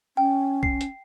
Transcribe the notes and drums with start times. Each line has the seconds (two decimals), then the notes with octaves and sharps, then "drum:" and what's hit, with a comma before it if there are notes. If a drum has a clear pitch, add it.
0.17 C#4 G5
0.63 C7, drum: kick B1
0.81 drum: hi-hat